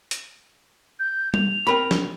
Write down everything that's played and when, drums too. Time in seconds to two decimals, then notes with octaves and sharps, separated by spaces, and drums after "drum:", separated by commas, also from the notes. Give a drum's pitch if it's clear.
0.11 drum: hi-hat
1.00 G6
1.34 F7, drum: tom G3
1.67 C4 A#4 B5
1.91 drum: snare